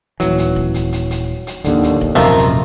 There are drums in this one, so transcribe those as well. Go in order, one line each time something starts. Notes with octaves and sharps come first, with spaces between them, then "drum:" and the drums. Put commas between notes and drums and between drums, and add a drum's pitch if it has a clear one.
D#1 E3 F#3, drum: hi-hat
drum: hi-hat
drum: kick
drum: hi-hat
drum: hi-hat
drum: hi-hat
drum: hi-hat
D1 D#2 D3, drum: hi-hat
drum: hi-hat
drum: kick
D#1 F#2 C3 F3 A3 D#4 F4 A#4
drum: hi-hat